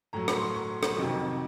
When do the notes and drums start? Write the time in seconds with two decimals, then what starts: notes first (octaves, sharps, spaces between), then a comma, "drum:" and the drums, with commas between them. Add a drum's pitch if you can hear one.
0.13 A2 F#3 A#5
0.28 B5, drum: rim click
0.37 C6
0.41 C#6
0.55 C#6
0.83 drum: rim click
0.96 F2 C3 D#3 F#3